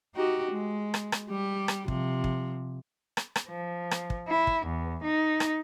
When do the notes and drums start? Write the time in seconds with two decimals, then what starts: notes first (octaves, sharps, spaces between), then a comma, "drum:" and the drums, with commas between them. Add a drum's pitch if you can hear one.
0.15 D#4 F#4 G4
0.51 G#3
0.94 drum: rim click
1.12 drum: rim click
1.29 G3 G4
1.68 drum: rim click
1.88 C3 F3, drum: kick
2.24 drum: kick
3.17 drum: rim click
3.36 drum: rim click
3.48 F3
3.91 drum: rim click
4.10 drum: kick
4.29 E4
4.47 drum: kick
4.65 E2
5.03 D#4
5.40 drum: rim click